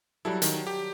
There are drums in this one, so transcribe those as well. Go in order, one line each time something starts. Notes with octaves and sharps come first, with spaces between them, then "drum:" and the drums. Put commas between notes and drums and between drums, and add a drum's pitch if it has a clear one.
F#3 G3 E4 A4
D#3, drum: hi-hat
G4